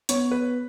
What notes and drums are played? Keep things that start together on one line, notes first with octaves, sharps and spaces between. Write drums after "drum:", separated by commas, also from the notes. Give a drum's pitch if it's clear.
B3 C#5, drum: hi-hat
B4